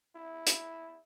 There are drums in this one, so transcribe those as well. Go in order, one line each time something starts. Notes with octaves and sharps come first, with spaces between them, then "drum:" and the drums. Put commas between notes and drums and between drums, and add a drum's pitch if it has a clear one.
E4
drum: hi-hat